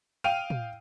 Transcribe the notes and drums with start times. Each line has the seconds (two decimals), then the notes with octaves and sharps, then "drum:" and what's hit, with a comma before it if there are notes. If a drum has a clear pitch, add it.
0.24 F5 G5 D#7 F7
0.50 drum: tom